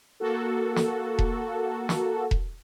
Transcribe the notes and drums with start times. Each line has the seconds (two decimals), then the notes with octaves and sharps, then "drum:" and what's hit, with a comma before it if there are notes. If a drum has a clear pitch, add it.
0.20 A#3 F#4 A4
0.76 drum: snare
1.19 drum: kick E1
1.89 drum: snare
2.31 drum: kick E1